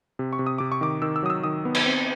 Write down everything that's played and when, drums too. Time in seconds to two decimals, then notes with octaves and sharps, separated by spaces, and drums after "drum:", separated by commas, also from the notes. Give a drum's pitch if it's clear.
0.19 C3
0.33 C#6
0.39 C3
0.47 D#6
0.58 C3 D6
0.72 C#6
0.81 D#3 D6
1.02 D#3 E6
1.16 E6
1.23 F#3 D#6
1.30 E6
1.43 D#3 D#6
1.65 B3
1.75 drum: cymbal
1.86 C4